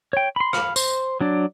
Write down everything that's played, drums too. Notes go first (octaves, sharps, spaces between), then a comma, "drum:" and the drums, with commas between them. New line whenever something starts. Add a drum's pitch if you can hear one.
C#5 G5
B5 C6
F5 B5, drum: rim click
C5, drum: tambourine
F#3 D4 D5